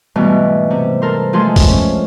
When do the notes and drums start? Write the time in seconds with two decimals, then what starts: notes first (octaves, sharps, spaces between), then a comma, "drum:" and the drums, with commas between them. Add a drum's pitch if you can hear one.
0.16 G#2 B2 E3 G3 A3
0.70 C3
1.02 A4 A#4 C5
1.33 F3 G#3 A3 G#4 A4 C6
1.56 drum: kick, open hi-hat
1.69 C#4